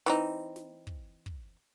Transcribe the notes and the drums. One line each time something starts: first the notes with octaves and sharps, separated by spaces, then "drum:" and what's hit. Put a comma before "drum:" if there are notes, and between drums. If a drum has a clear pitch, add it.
E3 C4 D#4, drum: open hi-hat
drum: snare
drum: kick
drum: kick